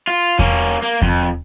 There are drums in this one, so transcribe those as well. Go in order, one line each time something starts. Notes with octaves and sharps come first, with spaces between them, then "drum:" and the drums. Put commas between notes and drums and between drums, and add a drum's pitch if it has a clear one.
F4
A#3 C#4, drum: kick E2
A#3
F2, drum: kick E2